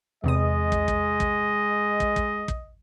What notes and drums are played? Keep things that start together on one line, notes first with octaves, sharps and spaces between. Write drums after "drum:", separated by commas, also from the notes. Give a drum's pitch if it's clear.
E2 C3 G#3 D#5 D#6
drum: kick
drum: kick
drum: kick
drum: kick
drum: kick
drum: kick